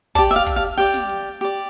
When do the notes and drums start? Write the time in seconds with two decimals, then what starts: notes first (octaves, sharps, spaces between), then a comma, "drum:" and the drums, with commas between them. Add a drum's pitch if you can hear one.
0.15 G4 D5 A5, drum: kick, hi-hat
0.31 E5
0.36 F5
0.46 drum: kick, hi-hat
0.56 F5
0.78 G4 D5 G5
0.94 drum: snare
1.09 drum: hi-hat
1.41 G4 D5, drum: hi-hat